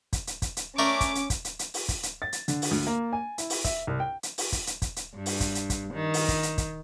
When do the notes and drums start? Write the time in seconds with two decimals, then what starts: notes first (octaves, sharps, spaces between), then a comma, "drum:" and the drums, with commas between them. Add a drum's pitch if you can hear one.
0.13 drum: kick, hi-hat
0.27 drum: hi-hat
0.42 drum: kick, hi-hat
0.57 drum: hi-hat
0.79 A3 C#4 A#4 D5 D6
1.01 drum: kick, hi-hat
1.15 drum: hi-hat
1.30 drum: kick, hi-hat
1.45 drum: hi-hat
1.59 drum: hi-hat
1.74 drum: open hi-hat
1.89 drum: kick, hi-hat
2.03 drum: hi-hat
2.22 A6
2.33 drum: hi-hat
2.48 D3, drum: hi-hat
2.62 drum: open hi-hat
2.71 D2
2.87 A#3
3.13 G#5
3.38 E4, drum: hi-hat
3.50 drum: open hi-hat
3.64 E5, drum: kick, hi-hat
3.87 C2
4.00 G5
4.23 drum: hi-hat
4.38 drum: open hi-hat
4.52 drum: kick, hi-hat
4.67 drum: hi-hat
4.82 drum: kick, hi-hat
4.96 drum: hi-hat
5.15 G2
5.26 drum: open hi-hat
5.40 drum: kick, hi-hat
5.55 drum: hi-hat
5.70 drum: kick, hi-hat
5.93 D#3
6.14 drum: open hi-hat
6.28 drum: kick, hi-hat
6.43 drum: hi-hat
6.58 drum: kick, hi-hat